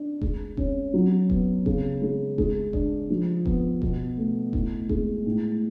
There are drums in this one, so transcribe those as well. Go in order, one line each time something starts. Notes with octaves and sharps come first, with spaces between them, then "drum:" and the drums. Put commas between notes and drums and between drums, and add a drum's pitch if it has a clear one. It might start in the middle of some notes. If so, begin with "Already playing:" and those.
Already playing: D4
G#3, drum: kick E1
C#4, drum: kick E1
F#3
B3, drum: kick E1
C#3, drum: kick E1
G#3
G#3, drum: kick E1
D4, drum: kick E1
F3
B3, drum: kick E1
B2, drum: kick E1
A3
A2, drum: kick E1
G#3, drum: kick E1
A2